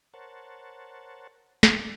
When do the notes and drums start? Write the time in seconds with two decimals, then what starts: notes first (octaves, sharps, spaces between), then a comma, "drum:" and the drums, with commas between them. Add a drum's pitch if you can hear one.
0.14 A#4 C5 C#5 F#5 A5
1.63 drum: snare